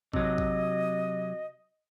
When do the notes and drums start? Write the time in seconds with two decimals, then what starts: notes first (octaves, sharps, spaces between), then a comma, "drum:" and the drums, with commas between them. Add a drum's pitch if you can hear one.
0.13 C3 F#3 D#5, drum: kick
0.38 drum: kick